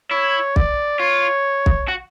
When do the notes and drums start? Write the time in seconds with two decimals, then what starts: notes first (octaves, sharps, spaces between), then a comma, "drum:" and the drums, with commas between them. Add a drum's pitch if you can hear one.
0.11 E4 C#5
0.56 D5, drum: kick B1
0.99 F4 C#5
1.66 drum: kick B1
1.88 F#4